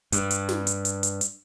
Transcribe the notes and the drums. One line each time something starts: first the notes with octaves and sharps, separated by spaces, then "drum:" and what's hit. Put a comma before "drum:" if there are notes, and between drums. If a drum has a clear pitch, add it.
G2, drum: hi-hat
drum: hi-hat
drum: snare
drum: hi-hat
drum: hi-hat
drum: hi-hat
drum: hi-hat